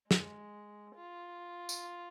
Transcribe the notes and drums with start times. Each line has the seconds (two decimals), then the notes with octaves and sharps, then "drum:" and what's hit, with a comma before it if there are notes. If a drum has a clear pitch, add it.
0.11 G#3, drum: snare
0.96 F4
1.69 drum: tambourine